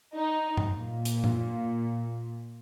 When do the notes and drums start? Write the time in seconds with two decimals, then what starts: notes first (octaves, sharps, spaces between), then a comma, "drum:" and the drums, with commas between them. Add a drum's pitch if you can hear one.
0.15 D#4
0.57 drum: tom G2
0.72 A#2
1.05 drum: hi-hat
1.24 drum: tom G#2